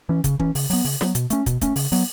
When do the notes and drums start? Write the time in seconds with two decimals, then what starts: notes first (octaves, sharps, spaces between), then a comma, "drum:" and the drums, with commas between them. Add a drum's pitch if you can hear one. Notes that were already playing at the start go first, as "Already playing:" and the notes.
0.09 E3 C#4
0.24 C#3, drum: kick, hi-hat
0.39 E3 C#4, drum: kick
0.55 C#3, drum: open hi-hat
0.70 F#3 B3, drum: open hi-hat
0.85 C#3, drum: open hi-hat
1.01 F#3 B3, drum: snare
1.15 B2, drum: hi-hat
1.30 A3 C#4, drum: hi-hat
1.46 B2, drum: kick, hi-hat
1.62 A3 C#4, drum: kick, hi-hat
1.76 C#3, drum: open hi-hat
1.92 F#3 B3, drum: open hi-hat